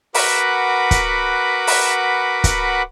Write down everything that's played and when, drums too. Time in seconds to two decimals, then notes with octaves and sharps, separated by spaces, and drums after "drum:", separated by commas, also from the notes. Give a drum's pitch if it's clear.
0.14 F#4 A#4 B4 F#5 B5 D6, drum: open hi-hat
0.91 drum: kick, hi-hat
1.67 drum: open hi-hat
2.44 drum: kick, hi-hat